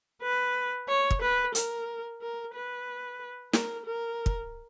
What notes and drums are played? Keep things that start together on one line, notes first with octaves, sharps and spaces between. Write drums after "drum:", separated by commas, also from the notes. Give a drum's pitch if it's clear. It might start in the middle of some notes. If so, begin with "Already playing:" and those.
B4
C#5
drum: kick
B4
A#4, drum: hi-hat
A#4
B4
A#4, drum: snare
A#4
drum: kick